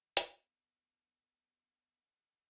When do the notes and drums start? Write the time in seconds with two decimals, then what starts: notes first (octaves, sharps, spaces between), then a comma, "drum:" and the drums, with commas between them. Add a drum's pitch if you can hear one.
0.17 B1 B3, drum: hi-hat